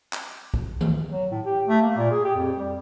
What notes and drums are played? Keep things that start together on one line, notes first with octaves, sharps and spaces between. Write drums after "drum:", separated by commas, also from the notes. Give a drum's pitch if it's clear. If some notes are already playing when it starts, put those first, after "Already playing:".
drum: clap
drum: kick
drum: tom D#3
F#3
A2
G4
A3
A#3
A#2
G#4
G4
F2
G3